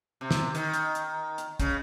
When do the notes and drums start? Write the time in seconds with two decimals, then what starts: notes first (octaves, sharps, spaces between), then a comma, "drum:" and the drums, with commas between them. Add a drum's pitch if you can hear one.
0.21 C3
0.31 drum: snare
0.55 D#3, drum: hi-hat
0.74 drum: hi-hat
0.95 drum: hi-hat
1.38 drum: hi-hat
1.60 C#3, drum: kick, hi-hat